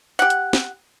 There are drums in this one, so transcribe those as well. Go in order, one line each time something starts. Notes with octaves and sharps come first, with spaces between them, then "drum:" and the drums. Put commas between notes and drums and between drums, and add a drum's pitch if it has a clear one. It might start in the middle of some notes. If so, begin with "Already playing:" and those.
G4 F#5
drum: hi-hat
drum: snare